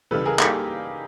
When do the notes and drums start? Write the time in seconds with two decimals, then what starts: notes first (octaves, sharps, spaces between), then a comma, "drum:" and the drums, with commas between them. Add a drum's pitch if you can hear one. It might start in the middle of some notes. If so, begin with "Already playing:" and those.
0.11 C#2 C#3 E3 G3 A4 B4
0.26 G#4 A#4
0.39 G3 A#3 D#4 G4 A4, drum: clap